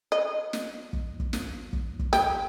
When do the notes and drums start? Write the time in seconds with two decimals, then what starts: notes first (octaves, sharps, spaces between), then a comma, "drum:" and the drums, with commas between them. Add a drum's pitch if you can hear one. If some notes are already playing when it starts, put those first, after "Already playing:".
0.12 D#5
0.53 drum: snare
0.93 drum: kick
1.20 drum: kick
1.33 drum: snare
1.73 drum: kick
1.99 drum: kick
2.13 G4, drum: snare